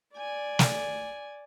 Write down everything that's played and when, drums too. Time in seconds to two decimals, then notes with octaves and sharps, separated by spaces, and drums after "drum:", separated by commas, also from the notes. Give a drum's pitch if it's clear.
0.16 D5 G#5
0.59 drum: snare